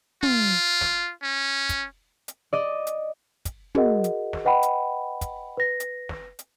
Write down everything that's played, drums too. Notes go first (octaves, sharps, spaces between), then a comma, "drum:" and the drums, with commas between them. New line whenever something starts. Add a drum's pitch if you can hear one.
F4, drum: tom
drum: snare
C#4
drum: kick, hi-hat
drum: hi-hat
D5 D#5
drum: hi-hat
drum: kick, hi-hat
F#4 G#4 A#4 D#5 F#5, drum: tom
drum: hi-hat
drum: snare
B4 D#5 F#5 G5 B5
drum: hi-hat
drum: kick, hi-hat
B4 A#6
drum: hi-hat
drum: snare
drum: hi-hat